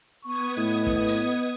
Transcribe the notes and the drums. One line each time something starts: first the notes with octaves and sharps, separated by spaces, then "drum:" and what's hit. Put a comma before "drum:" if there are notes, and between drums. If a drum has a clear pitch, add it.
B3 C#6 D#6 G#6
A2 D#5
drum: kick
drum: hi-hat